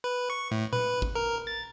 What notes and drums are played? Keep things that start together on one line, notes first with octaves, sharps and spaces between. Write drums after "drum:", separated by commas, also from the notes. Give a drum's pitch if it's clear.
B4
C#6
A2
B4, drum: tom A#2
drum: kick
A#4
A6